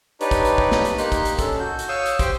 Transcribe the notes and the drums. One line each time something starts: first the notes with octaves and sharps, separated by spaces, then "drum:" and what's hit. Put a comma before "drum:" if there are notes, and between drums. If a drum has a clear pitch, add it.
D4 D#4 G4 B4 C#5 D5, drum: hi-hat
drum: kick, hi-hat
drum: hi-hat
drum: kick
drum: snare
drum: hi-hat
A#3 D#4 G4 C6 F#6, drum: hi-hat
drum: kick, hi-hat
drum: hi-hat
C#4 D4 A4, drum: kick, hi-hat
F#4 G6
drum: hi-hat
C#5 F5 C#6 D#6 E6 G6
drum: hi-hat
G4 C5 G5, drum: kick, hi-hat